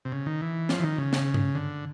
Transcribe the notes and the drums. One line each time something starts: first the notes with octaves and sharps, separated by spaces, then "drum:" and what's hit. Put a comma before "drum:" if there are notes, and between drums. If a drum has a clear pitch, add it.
C3
C#3
D#3
E3
F3, drum: snare
E3
D#3
C#3
drum: snare
drum: tom G2
D3